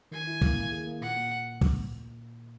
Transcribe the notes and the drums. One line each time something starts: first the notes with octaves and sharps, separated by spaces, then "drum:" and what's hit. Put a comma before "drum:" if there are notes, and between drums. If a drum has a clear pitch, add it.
D#3 G#5
E4
A#3, drum: kick
A#3
G#4
A#3
A#2 F#5
A#3
drum: kick